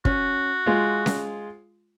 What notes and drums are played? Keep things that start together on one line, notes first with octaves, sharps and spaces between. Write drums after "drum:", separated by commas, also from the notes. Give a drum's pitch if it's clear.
C#4 F#4, drum: kick
G#3 F4
drum: snare C#4